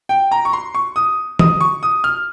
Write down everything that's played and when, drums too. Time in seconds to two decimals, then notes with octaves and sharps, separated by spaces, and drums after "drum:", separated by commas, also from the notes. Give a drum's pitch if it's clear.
0.09 G5
0.32 A#5
0.45 C#6
0.53 C6
0.75 C#6
0.96 D#6
1.39 D#6, drum: tom
1.61 C#6
1.83 D#6
2.04 F6